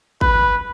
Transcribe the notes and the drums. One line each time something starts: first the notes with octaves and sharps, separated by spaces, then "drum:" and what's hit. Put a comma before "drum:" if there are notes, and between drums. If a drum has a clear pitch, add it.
B4, drum: kick